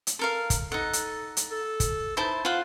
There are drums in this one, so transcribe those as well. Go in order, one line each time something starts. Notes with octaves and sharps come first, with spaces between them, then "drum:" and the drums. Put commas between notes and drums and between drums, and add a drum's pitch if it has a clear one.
drum: hi-hat
A4 A#4 F5
drum: kick, hi-hat
D#4 A4 F#5
drum: hi-hat
drum: hi-hat
A4
drum: kick, hi-hat
D#4 E4 C5 A5
F4 C5 F5 F#5